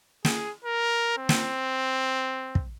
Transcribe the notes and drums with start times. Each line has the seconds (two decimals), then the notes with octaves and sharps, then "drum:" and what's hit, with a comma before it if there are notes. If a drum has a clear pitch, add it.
0.25 G#4, drum: snare
0.64 A#4
1.18 C4
1.29 drum: snare
2.55 drum: kick